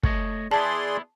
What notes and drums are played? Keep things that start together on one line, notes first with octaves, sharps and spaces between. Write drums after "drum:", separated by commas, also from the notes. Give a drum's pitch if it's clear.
A3 C#5 D#5, drum: kick
B3 E4 G#4 B4 D5 A5 C6